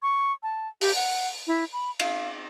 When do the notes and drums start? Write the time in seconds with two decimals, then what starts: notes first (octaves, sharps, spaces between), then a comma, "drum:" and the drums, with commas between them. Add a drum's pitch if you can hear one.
0.03 C#6
0.43 A5
0.81 G4, drum: open hi-hat
0.95 F#5
1.47 E4
1.73 B5
1.99 F5, drum: cymbal